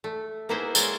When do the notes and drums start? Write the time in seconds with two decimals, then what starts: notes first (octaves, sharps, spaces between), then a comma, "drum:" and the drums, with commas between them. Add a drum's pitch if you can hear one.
0.04 A3
0.49 A#3 B3 D#4 E4 G#4 C5
0.75 G#3 A#3 C4 C#5, drum: tambourine